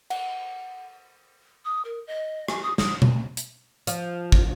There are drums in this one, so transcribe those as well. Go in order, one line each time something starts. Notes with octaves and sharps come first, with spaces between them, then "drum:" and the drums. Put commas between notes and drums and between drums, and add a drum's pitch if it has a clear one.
F#5, drum: cymbal
D#6
A#4
D#5
G#5, drum: rim click
D#6
D#6, drum: snare
drum: tom B2
drum: hi-hat
F3, drum: hi-hat
drum: kick